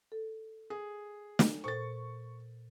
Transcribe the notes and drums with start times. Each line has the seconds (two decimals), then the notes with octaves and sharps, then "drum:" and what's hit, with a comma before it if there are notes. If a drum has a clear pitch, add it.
0.12 A4
0.70 G#4
1.39 drum: snare
1.64 A#2 A4 C5 C#6 A6